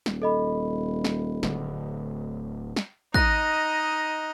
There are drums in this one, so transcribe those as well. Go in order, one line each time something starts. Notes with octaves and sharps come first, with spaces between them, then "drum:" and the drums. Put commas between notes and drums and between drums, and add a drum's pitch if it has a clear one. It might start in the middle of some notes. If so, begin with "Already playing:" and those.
D#1, drum: snare
A4 D#5 B5
drum: snare
D1 D2, drum: snare
drum: snare
D#4 D#5 F#6 A#6, drum: kick